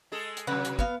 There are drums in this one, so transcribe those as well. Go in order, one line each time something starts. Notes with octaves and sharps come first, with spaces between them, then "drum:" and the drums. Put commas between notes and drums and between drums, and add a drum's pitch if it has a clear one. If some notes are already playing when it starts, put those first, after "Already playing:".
G#3 G#4 A4
drum: hi-hat
C3 F#3 B4 F#5
drum: hi-hat
B3 F5, drum: kick